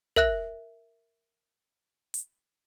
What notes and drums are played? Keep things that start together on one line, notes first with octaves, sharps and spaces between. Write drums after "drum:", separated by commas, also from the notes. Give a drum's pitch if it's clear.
A#4 E5 F#6 A#6, drum: kick
drum: hi-hat